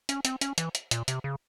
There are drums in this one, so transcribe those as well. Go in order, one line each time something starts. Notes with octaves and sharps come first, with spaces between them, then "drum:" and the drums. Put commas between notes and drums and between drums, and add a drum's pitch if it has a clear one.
C#4, drum: hi-hat
C4, drum: hi-hat
C#4, drum: hi-hat
E3, drum: hi-hat
drum: hi-hat
A#2, drum: hi-hat
C3, drum: hi-hat
C#3